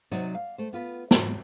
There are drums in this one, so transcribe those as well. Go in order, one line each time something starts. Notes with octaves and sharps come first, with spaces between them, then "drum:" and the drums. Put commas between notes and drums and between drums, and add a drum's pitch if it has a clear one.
C3 F#3 D#4 C#5 D5
F5
A3 C5
B3 F4 B4
G#2 F#3, drum: snare